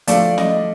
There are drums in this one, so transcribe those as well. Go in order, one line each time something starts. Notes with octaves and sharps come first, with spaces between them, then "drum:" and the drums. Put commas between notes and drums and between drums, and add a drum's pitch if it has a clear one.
F3 A3 D4 F4 D5, drum: hi-hat
D#5, drum: snare